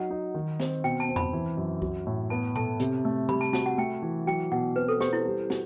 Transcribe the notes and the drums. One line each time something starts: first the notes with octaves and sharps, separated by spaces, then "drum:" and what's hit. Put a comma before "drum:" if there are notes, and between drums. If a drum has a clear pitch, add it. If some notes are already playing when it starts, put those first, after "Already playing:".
Already playing: F#3 D#4 F#5
D#4
D#3
C4, drum: snare
B2 G5
A5
C4
B5, drum: tom E2
E3
F#2
F#3, drum: kick C2
A2
B3 A5
A4 A5, drum: tom A#2
C3, drum: hi-hat
A3
G3 B5, drum: tom C3
A5
F#4 A5, drum: snare
F#5
A3 G5
E3
F#3 G5
B2 F#5
C4 B4
A4
G4 C5, drum: snare
E4
G3
F#4, drum: snare